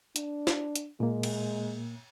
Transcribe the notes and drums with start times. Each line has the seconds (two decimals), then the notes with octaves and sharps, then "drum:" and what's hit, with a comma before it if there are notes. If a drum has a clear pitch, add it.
0.16 D4, drum: hi-hat
0.47 drum: snare
0.75 drum: hi-hat
1.00 A#2 G#3 A#3
1.23 drum: cymbal